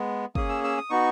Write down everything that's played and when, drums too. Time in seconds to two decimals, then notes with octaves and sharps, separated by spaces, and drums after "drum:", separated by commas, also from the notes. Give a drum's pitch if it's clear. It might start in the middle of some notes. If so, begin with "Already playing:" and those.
Already playing: G#3 B3
0.35 A#3 C#4 G#4 D#6, drum: kick
0.49 E6
0.64 E6
0.77 D#6
0.90 B3 D#4 F#4 C#6